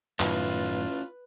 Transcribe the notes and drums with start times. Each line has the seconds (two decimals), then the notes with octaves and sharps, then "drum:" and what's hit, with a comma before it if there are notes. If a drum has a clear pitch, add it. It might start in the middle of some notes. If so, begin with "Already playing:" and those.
0.20 F#2 A2 D#3 C#4 E4 F4 B4, drum: clap